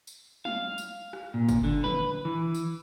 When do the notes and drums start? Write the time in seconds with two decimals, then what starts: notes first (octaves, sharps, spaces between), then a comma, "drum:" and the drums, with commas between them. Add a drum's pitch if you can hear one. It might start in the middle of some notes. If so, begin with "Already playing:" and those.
0.07 drum: tambourine
0.45 F5, drum: tom
0.78 drum: tambourine
1.13 drum: rim click
1.34 A#2
1.49 drum: kick F#1, tambourine
1.64 D3
1.84 B4, drum: tom
2.25 E3
2.54 drum: tambourine